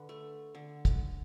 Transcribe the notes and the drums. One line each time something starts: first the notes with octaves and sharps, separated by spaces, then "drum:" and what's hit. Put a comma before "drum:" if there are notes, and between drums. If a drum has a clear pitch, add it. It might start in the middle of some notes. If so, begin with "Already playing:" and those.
Already playing: D3 B4
A3
D3
drum: kick, hi-hat